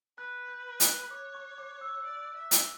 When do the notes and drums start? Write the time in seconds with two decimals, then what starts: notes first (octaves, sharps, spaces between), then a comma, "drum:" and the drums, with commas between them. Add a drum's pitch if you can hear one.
0.18 B4 F#6
0.48 G6
0.80 F#6, drum: hi-hat
1.11 C#5 D6
1.35 C#6
1.58 D6
1.81 E6
2.05 D5
2.36 E5
2.51 drum: hi-hat